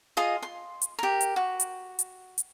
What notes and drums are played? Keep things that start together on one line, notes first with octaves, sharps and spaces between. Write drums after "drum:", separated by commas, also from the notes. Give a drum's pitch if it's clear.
F4 G#4 D#5
C6
drum: hi-hat
G4 A#4
drum: hi-hat
F#4
drum: hi-hat
drum: hi-hat
drum: hi-hat